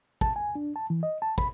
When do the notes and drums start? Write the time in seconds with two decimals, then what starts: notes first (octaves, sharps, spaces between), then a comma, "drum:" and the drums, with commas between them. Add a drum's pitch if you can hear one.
0.21 A5, drum: kick
0.36 G#5
0.55 D4
0.76 A5
0.90 E3
1.03 D#5
1.22 A5
1.38 B5, drum: kick